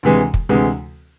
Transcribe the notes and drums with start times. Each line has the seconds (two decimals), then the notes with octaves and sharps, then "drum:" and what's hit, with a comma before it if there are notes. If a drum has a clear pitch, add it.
0.03 D2 C3 E3 G#3
0.34 drum: kick
0.49 D2 C3 E3 G#3